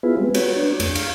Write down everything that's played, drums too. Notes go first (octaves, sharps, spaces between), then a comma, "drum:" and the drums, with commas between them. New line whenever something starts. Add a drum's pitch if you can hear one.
B3 E4 F4 G#4 B4
G3 G#3 B3 C4
F#4 B4 C#5, drum: cymbal
D4
F2 A3, drum: cymbal
F5, drum: cymbal